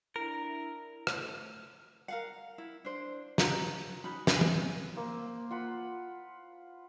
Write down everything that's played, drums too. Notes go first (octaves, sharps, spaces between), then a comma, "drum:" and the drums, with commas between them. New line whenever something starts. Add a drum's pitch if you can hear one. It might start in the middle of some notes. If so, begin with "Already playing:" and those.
D4 E4 A#4
A3, drum: rim click
A#4 F5 F#5
E4
D4 C5
F#4 A#5, drum: snare
C#4 D#4 F#4 B5
G#4 B4 C5 G#5, drum: snare
drum: tom
A#3 C5 E6
F4 F#5 B5